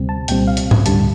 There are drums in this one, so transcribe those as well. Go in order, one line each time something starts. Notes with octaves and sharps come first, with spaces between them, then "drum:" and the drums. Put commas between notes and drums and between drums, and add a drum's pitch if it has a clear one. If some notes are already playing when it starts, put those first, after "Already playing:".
Already playing: D2 C3 G3 C4
A5
C2 A#2 G3 C4 G5, drum: hi-hat
F5
drum: hi-hat
drum: tom G#2
D2 D3 G3 A5, drum: hi-hat